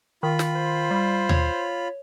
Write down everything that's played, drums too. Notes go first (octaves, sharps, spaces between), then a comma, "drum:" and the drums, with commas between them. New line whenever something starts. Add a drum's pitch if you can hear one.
D#3 F4 B5
drum: snare
C5
G3
C#5, drum: tom D#2